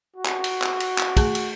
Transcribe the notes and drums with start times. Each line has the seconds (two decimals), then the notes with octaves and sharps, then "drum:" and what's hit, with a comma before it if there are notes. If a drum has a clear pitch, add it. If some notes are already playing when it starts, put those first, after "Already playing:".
0.16 F#4
0.26 drum: clap
0.44 drum: cymbal
0.62 drum: clap
0.80 drum: cymbal
0.98 drum: clap
1.17 A3 G#4 A5, drum: kick, cymbal
1.35 drum: cymbal